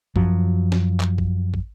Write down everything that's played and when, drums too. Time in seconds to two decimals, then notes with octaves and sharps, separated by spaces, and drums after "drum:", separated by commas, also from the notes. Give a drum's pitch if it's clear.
0.16 F#2 F3 F#3, drum: kick
0.72 drum: snare
1.00 drum: clap
1.18 drum: kick
1.54 drum: kick